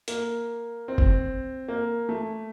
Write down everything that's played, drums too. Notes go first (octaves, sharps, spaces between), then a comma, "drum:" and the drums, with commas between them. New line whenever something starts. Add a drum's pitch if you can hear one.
A#3, drum: hi-hat
C4
drum: kick
A#3
A3